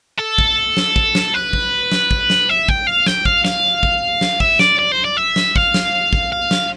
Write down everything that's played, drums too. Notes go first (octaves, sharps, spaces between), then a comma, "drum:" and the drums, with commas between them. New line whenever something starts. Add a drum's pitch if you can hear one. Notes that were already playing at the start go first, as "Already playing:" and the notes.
A4
drum: kick
drum: snare
drum: kick
drum: snare
B4
drum: kick
drum: snare
drum: kick
drum: snare
E5
G5, drum: kick
F5
G5, drum: snare
F5, drum: kick
F5, drum: snare
drum: kick
drum: snare
E5, drum: kick
D5, drum: snare
D5
C5
D5
E5
drum: snare
F5, drum: kick
drum: snare
drum: kick
F5
drum: snare